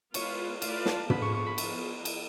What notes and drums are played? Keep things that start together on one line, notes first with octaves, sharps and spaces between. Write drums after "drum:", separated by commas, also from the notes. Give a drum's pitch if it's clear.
G#3 B3 F4 B4 C#5, drum: cymbal
A3 F4 B4 D5 F5, drum: cymbal
A5, drum: snare
D3 F3 B3 F4 G#4 B5, drum: tom
C#6
C#6
B5
F3 B3 F4 G#4, drum: cymbal
drum: cymbal